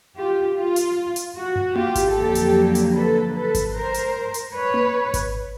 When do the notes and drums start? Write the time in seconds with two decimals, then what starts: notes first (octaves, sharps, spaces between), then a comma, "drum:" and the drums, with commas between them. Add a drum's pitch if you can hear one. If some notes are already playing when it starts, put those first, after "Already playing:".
0.17 F4 G4
0.56 F4
0.76 drum: hi-hat
1.16 drum: hi-hat
1.36 F#4
1.56 drum: tom
1.76 F4 G4, drum: tom A#3
1.95 drum: kick G#1, hi-hat
2.15 F2 D3 F#3 A#3 G4 A4
2.35 drum: hi-hat
2.75 drum: hi-hat
2.95 A4 B4
3.35 A4 B4
3.55 drum: kick G#1, hi-hat
3.75 A#4 C5
3.94 drum: hi-hat
4.34 drum: hi-hat
4.54 B4 C#5
4.74 drum: tom A#3
5.14 drum: kick G#1, hi-hat